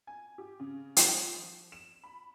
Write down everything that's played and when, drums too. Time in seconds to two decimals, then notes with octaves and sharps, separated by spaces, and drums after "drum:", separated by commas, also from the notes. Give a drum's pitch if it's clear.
0.07 G#5
0.38 G4
0.60 C#3
0.97 F3, drum: hi-hat
1.72 E7
2.04 B5